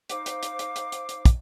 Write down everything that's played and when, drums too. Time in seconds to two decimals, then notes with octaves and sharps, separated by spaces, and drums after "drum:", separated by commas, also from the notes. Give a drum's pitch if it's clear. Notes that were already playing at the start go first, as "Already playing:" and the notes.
0.09 D#4 C5 F5 D6, drum: hi-hat
0.26 drum: hi-hat
0.43 drum: hi-hat
0.59 drum: hi-hat
0.76 drum: hi-hat
0.92 drum: hi-hat
1.09 drum: hi-hat
1.25 drum: kick, hi-hat